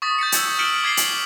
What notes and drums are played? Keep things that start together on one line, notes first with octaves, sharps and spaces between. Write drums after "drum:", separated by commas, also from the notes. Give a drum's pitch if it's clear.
C#6 D#6 A6 B6
G6 A6 B6 C#7
E6 G6 G#6 B6, drum: hi-hat
F6 B6 C#7 D7 E7 F#7
D6 G#6 B6 C7 F#7 G7
F#7, drum: hi-hat